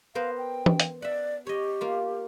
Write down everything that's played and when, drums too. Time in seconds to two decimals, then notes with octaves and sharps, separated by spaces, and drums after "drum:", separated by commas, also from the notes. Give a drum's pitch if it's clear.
0.15 B3 A#4 C5 F5
0.37 G5
0.66 drum: tom
0.80 drum: hi-hat
1.02 D5 E5 F#5
1.47 G4 C#5 D#5
1.81 A#3 F4